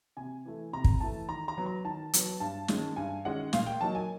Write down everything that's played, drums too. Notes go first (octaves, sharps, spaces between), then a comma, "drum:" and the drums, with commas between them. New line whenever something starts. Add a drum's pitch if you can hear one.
C3 G#5
E3 A3
C3 A#5
drum: kick
E3 A3 A5
D#3 A#5
A#5
F#3 B3
A#5
D#3 A5
F#3 B3, drum: hi-hat
G2 A5
D#3 G#3 C#4, drum: snare
G2 G#5
D#3 G#3 C#4 F#5
A#2 F5, drum: snare
G5
F#3 A#3 D#4 A5
G#5